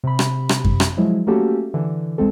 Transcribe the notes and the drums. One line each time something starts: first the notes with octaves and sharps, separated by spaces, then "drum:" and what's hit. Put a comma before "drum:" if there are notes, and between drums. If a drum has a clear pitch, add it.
C3 B5
drum: rim click
drum: rim click
drum: kick F#2
drum: rim click
F3 F#3 G#3 E4
A3 A#3 C#4 F#4 G4 A4
D3 E3
C2 G#3 C4 A4